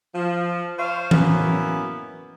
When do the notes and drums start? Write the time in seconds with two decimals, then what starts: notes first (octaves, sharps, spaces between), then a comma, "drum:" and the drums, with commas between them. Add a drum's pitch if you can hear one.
0.15 F3
0.78 F4 C5 C#5 F5
1.11 F#3 A#3 B3 C#4 E4, drum: tom E3